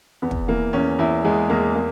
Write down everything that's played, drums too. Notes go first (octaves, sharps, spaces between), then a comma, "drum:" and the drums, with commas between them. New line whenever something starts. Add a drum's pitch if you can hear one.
E2 B3
drum: kick
E3 A#3
E2 C#4
E2 E4
E2 G#3
E2 A#3
A#3